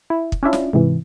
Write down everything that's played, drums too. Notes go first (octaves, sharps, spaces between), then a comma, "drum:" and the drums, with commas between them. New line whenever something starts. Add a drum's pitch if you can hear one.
E4
drum: kick
C#4 D4 E4 F4
drum: snare
G#2 C3 E3